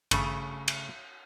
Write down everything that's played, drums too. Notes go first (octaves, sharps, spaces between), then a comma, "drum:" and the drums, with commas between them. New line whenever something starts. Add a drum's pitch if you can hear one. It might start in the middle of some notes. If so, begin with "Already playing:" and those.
G#1 G2 C#3 A3 B5, drum: cymbal
drum: cymbal